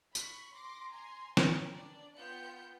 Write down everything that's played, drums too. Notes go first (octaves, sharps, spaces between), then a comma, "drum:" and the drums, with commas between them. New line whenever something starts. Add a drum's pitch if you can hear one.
B5 C#6, drum: tambourine
C6 D6 A#6
G#5 A#5 C6
C#4 G4 A#4 B4, drum: snare
D4 D5
B3 F4 G5 G6 C#7